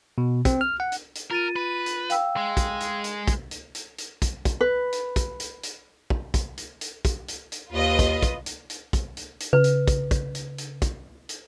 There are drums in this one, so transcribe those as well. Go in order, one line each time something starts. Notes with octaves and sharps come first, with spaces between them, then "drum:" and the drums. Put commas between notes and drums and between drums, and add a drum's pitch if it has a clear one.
B2
C4, drum: kick, hi-hat
F6
F#5
drum: hi-hat
drum: hi-hat
F4 A#4 A6 D#7
B4
drum: hi-hat
F5 G5 E6, drum: hi-hat
G#3
drum: kick, hi-hat
drum: hi-hat
drum: hi-hat
drum: kick, hi-hat
drum: hi-hat
drum: hi-hat
drum: hi-hat
drum: kick, hi-hat
drum: kick, hi-hat
B4
drum: hi-hat
drum: kick, hi-hat
drum: hi-hat
drum: hi-hat
drum: kick
drum: kick, hi-hat
drum: hi-hat
drum: hi-hat
drum: kick, hi-hat
drum: hi-hat
drum: hi-hat
D#2 F4 B4 D#5
drum: kick, hi-hat
drum: kick, hi-hat
drum: hi-hat
drum: hi-hat
drum: kick, hi-hat
drum: hi-hat
drum: hi-hat
C#3 B4
drum: hi-hat
drum: kick, hi-hat
drum: kick, hi-hat
drum: hi-hat
drum: hi-hat
drum: kick, hi-hat
drum: hi-hat